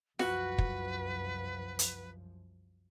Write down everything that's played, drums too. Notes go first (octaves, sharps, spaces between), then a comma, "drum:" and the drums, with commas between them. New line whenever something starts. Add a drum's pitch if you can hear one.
C2 F#2 F3 F#4 B4, drum: snare F4
drum: kick
drum: hi-hat